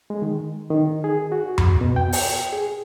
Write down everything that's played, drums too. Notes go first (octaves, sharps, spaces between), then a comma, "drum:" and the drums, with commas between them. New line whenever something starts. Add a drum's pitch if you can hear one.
G#3
D#3
D#3
G#4
F#4
drum: tom F2
B2
G5
drum: open hi-hat
G#4